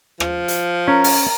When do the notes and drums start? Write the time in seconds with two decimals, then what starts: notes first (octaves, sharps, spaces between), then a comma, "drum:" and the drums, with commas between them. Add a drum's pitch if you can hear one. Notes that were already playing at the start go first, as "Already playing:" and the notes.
0.20 F3, drum: rim click
0.48 drum: hi-hat
0.88 C#4 A#4
1.04 drum: open hi-hat